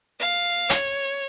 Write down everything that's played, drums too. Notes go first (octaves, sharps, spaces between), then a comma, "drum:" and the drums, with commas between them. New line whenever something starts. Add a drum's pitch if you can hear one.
F5
C#5, drum: hi-hat